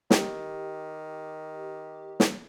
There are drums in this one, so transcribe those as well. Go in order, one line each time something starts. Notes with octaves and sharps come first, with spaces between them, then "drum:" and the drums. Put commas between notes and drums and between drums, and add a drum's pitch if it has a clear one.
D#3 G4, drum: snare
drum: snare